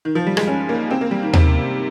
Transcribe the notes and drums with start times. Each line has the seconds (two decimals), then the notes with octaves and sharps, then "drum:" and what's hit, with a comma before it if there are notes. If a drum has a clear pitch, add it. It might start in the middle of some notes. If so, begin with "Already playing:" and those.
0.05 D#3
0.15 F3
0.27 G3
0.37 G#3, drum: rim click
0.47 C#4
0.69 A#3
0.91 C4
1.01 A#3
1.11 G3
1.23 D#3
1.33 C3, drum: tom D#2